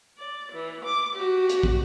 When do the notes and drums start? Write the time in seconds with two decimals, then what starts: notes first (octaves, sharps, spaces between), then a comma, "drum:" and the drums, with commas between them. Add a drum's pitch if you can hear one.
0.18 D5
0.52 E3
0.85 D6
1.15 F#4 G4
1.49 drum: hi-hat
1.63 drum: kick